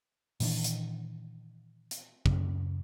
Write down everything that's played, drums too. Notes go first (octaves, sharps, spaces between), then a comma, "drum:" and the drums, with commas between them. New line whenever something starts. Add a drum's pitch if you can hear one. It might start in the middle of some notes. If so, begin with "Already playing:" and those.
A#2 D#3 E3 D4, drum: open hi-hat
drum: hi-hat
drum: hi-hat
F#2 C#3, drum: kick